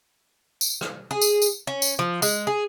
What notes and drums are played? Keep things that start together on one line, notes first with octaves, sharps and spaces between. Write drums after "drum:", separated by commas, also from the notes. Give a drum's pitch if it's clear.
drum: tambourine
drum: rim click
G#4
drum: tambourine
drum: tambourine
C#4
drum: tambourine
F3
G#3, drum: tambourine
G#4